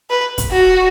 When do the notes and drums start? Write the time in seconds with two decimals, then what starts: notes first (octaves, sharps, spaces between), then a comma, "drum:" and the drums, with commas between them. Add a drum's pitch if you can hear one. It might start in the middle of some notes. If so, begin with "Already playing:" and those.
0.10 B4
0.38 drum: kick, hi-hat
0.52 F#4